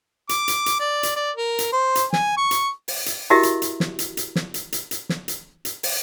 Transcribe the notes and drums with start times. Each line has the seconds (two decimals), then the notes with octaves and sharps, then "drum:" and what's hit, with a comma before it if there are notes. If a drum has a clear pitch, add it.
0.29 D6, drum: hi-hat
0.48 drum: hi-hat
0.66 drum: hi-hat
0.80 D5
1.03 drum: hi-hat
1.16 D5
1.36 A#4
1.59 drum: hi-hat
1.73 C5
1.95 drum: hi-hat
2.13 G#5, drum: snare
2.37 C#6
2.51 drum: hi-hat
2.88 drum: open hi-hat
3.06 drum: hi-hat
3.30 E4 F#4 G4 A#4 D#5 E5
3.43 drum: hi-hat
3.62 drum: hi-hat
3.80 drum: snare
3.99 drum: hi-hat
4.17 drum: hi-hat
4.36 drum: snare
4.54 drum: hi-hat
4.72 drum: hi-hat
4.91 drum: hi-hat
5.09 drum: snare
5.28 drum: hi-hat
5.65 drum: hi-hat
5.83 drum: open hi-hat